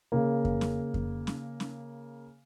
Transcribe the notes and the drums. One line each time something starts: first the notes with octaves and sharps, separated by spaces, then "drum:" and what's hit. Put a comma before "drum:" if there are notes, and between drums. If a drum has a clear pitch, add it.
C#3 A#3
drum: kick F2
drum: snare C#4
drum: kick F2
drum: snare C#4
drum: snare C#4